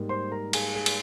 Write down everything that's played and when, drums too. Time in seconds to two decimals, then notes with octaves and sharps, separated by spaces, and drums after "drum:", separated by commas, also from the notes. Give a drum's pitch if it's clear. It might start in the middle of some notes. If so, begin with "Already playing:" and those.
Already playing: G#2 G3 A#3
0.09 C5 C6
0.32 A#4 A#5
0.53 G#4 G#5, drum: cymbal
0.75 G#4 G#5
0.86 drum: cymbal